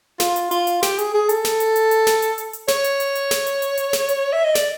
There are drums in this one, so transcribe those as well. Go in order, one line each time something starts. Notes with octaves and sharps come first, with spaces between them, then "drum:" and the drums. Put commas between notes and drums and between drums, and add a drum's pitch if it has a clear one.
F4, drum: snare
drum: hi-hat
F4, drum: hi-hat
drum: hi-hat
G4, drum: snare
G#4, drum: hi-hat
G#4
A4, drum: hi-hat
drum: snare
drum: hi-hat
drum: hi-hat
drum: hi-hat
drum: snare
drum: hi-hat
drum: hi-hat
drum: hi-hat
C#5, drum: snare
drum: hi-hat
drum: hi-hat
drum: hi-hat
drum: snare
drum: hi-hat
drum: hi-hat
drum: hi-hat
drum: snare
drum: hi-hat
E5
D#5
D5, drum: snare